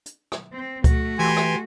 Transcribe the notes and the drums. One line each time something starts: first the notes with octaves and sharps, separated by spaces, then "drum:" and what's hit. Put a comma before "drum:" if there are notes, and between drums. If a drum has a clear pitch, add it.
drum: hi-hat
drum: rim click
C4
A3 F#4, drum: kick C#2, hi-hat
E3 G4 G#5 C6
drum: rim click